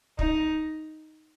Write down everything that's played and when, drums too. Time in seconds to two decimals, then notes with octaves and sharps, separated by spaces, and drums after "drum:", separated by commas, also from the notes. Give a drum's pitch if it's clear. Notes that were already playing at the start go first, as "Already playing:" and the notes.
0.19 D#4, drum: kick